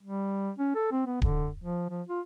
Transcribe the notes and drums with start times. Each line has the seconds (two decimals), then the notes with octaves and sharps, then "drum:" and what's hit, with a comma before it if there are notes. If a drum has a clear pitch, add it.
0.03 G3
0.58 C#4
0.75 A4
0.91 C4
1.06 B3
1.22 D3, drum: kick D1
1.64 F3
1.90 F3
2.09 F4